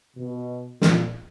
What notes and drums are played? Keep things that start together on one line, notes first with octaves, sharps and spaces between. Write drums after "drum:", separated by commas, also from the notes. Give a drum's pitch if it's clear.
B2
A#2, drum: snare